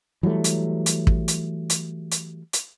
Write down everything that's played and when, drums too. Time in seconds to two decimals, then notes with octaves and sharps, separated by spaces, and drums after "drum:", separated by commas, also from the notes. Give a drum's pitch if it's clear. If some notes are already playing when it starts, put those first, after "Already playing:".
0.23 E3 F#3 G3 A3
0.44 drum: hi-hat
0.86 drum: hi-hat
1.07 drum: kick
1.28 drum: hi-hat
1.70 drum: hi-hat
2.11 drum: hi-hat
2.53 drum: hi-hat